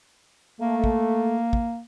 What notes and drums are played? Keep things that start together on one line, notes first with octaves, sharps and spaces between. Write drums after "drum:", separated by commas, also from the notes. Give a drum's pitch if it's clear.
A3 A#3
drum: kick
drum: kick